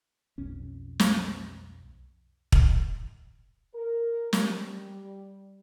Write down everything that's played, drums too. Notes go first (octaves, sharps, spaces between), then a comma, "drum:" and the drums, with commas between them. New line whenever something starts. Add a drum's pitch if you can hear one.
B1 F2 C#4
drum: snare
drum: kick
A#4
G3, drum: snare